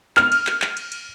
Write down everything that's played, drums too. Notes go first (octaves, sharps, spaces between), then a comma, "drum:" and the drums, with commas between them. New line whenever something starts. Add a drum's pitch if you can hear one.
F6, drum: clap
drum: cymbal
drum: clap
drum: clap
drum: cymbal
drum: cymbal